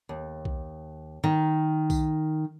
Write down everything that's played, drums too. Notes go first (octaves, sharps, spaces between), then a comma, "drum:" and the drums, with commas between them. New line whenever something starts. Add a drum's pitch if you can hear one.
D#2
drum: kick B1
D#3
drum: kick B1, tambourine